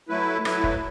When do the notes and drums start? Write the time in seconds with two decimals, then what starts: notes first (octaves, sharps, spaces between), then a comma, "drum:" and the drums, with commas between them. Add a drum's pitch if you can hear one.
0.08 F#3 A3 E4 B4
0.45 F#3 A3 E4 B4, drum: rim click
0.64 drum: kick